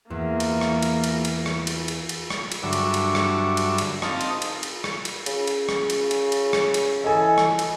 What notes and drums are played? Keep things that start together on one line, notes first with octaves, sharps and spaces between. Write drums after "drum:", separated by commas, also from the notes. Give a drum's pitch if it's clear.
E2 A#3
drum: cymbal
drum: rim click
drum: cymbal
drum: cymbal
drum: cymbal
drum: rim click
drum: cymbal
drum: cymbal
drum: cymbal
drum: rim click
drum: cymbal
G2 D3 F#3 E5 C#6 D6
drum: cymbal
drum: cymbal
drum: rim click
drum: cymbal
drum: cymbal
C4 D#4 D#5 F5 A5, drum: rim click
drum: cymbal
drum: cymbal
drum: cymbal
drum: rim click
drum: cymbal
C#3, drum: cymbal
drum: cymbal
drum: rim click
drum: cymbal
drum: cymbal
drum: cymbal
drum: rim click
drum: cymbal
E3 A4 D#5 G#5
drum: rim click
drum: cymbal